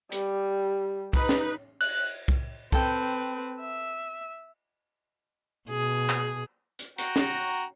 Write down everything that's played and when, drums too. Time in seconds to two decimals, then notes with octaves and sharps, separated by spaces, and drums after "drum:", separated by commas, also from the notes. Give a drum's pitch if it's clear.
0.12 G3, drum: hi-hat
1.13 D#4 B4, drum: kick
1.29 drum: snare
1.81 F#6, drum: cymbal
2.28 drum: kick
2.72 C4 A4 B4 G5, drum: kick
3.60 E5
5.70 B2 G#4
6.09 drum: clap
6.79 drum: hi-hat
6.98 F#4 G5 A#5, drum: hi-hat
7.16 drum: snare